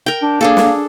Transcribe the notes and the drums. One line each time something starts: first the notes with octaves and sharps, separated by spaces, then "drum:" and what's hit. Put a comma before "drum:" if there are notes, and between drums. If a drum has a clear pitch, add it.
A#4 G5
D4
A#3 D4 G#4 A4
drum: snare